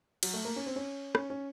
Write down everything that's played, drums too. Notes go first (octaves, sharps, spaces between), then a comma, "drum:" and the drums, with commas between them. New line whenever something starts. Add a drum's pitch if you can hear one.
F#3, drum: cymbal
A3
A#3
C#4
C4
C#4
C#4, drum: rim click
C#4